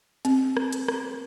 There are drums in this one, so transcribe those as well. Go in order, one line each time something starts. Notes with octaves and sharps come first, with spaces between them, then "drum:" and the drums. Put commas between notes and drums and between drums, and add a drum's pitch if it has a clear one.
C4, drum: hi-hat
drum: rim click
drum: hi-hat
drum: rim click